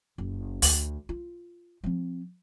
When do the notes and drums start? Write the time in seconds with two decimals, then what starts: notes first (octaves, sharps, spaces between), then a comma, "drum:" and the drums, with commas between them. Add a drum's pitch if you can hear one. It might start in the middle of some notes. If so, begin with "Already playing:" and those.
0.18 F#1
0.62 D2, drum: open hi-hat
1.09 F4
1.84 F3 C4